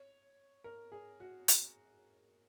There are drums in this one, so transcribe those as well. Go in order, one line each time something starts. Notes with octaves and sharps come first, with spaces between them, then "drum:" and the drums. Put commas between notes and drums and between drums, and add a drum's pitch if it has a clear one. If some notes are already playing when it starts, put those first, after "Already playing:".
Already playing: C#5
A#4
G#4
F#4
drum: hi-hat